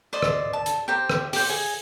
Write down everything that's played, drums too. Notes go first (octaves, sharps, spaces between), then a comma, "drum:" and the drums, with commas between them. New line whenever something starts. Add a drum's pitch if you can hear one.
C5 D5 D#5
drum: rim click
A5
drum: hi-hat
G4 C5 A#5
drum: rim click
G4 C5, drum: open hi-hat
G#4 G#5